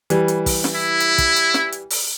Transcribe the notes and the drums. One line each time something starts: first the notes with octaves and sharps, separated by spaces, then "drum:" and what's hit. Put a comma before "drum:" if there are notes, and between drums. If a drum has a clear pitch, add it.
E3 G3, drum: hi-hat
drum: hi-hat
drum: kick, open hi-hat
drum: snare
E4
drum: hi-hat
drum: kick, hi-hat
drum: hi-hat
drum: snare
drum: hi-hat
drum: open hi-hat